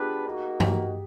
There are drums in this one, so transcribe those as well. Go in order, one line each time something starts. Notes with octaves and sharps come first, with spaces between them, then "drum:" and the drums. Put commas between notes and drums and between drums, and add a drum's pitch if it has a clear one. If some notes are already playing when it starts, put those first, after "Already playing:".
Already playing: B3 D4 F4 G4 G#4 B4
A#3 D#4 F#4
G4, drum: tom G2